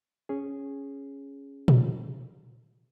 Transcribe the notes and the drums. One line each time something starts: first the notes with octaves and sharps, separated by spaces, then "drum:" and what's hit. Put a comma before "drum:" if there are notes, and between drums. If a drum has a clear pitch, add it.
C#4 G#4
drum: tom A#2